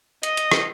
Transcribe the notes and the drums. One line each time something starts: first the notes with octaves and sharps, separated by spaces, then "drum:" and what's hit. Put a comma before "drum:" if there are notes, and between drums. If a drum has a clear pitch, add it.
D#5, drum: hi-hat
drum: hi-hat
drum: rim click